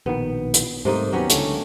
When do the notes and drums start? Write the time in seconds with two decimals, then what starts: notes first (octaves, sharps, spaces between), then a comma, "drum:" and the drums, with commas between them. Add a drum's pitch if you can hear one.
0.06 A#1 B2 D#3 B3
0.54 drum: hi-hat
0.85 G#2 C3 G3 A3 A#3 D#4
1.13 D#2 F#3 B3 C#4 G4
1.30 C#2 D3 A3, drum: hi-hat